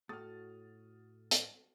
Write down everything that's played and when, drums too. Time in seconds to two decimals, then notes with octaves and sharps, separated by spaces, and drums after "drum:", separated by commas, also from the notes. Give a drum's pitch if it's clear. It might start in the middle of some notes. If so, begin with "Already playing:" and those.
0.09 A2 F#4 D#6 F6 A6
1.31 drum: hi-hat